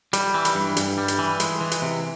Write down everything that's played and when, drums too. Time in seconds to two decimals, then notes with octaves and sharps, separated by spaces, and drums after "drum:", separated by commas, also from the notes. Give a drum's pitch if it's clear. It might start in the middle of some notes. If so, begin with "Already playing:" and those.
0.13 G3, drum: hi-hat
0.34 E3
0.45 drum: hi-hat
0.55 G2
0.77 G2, drum: hi-hat
0.98 G3
1.08 drum: hi-hat
1.19 E3
1.40 G#3, drum: hi-hat
1.61 E3
1.71 drum: hi-hat
1.82 C3